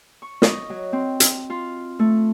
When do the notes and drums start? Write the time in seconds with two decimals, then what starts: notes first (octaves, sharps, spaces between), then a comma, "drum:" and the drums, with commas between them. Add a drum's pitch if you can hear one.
0.22 C#6
0.42 D#5, drum: snare
0.70 F#3
0.93 C4
1.20 drum: hi-hat
1.50 F4
1.99 A3